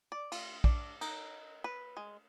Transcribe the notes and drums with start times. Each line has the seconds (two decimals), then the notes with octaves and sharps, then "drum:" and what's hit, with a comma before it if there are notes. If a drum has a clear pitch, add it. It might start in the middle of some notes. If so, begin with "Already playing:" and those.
0.12 D5
0.32 F4, drum: cymbal
0.64 D4, drum: kick
1.01 D#4, drum: cymbal
1.64 B4
1.97 G#3